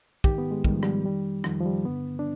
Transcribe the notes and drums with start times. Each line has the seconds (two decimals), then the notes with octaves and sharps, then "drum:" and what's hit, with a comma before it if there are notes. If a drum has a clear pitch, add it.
0.24 G#2 D#3 G4, drum: kick
0.38 B3
0.51 G#3
0.64 G#2 D#3 G3, drum: kick
0.73 F3
0.83 G3, drum: rim click
1.04 F2 D#3 G3
1.44 F2 D#3 F3, drum: rim click
1.60 F3
1.65 G3
1.85 G2 D3 B3
2.19 D4